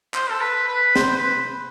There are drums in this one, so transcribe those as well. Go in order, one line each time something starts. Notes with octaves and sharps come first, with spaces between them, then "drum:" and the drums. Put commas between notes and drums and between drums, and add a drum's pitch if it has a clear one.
C5, drum: clap
A4
B4
B4
C5, drum: snare
B4